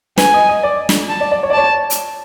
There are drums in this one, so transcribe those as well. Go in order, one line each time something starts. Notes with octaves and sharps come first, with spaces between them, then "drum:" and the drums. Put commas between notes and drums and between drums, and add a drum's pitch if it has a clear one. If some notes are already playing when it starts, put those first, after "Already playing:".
B4 G#5, drum: snare
D#5
D#5
D5
drum: snare
A5
D5
D5
C#5
D5
C#5 A5
drum: hi-hat